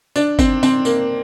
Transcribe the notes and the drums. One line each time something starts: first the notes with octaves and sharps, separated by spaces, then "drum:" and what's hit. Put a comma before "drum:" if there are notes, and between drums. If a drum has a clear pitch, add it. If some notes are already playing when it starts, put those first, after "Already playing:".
D4, drum: tambourine
C4, drum: kick G1, tambourine
C4, drum: tambourine
A#3, drum: tambourine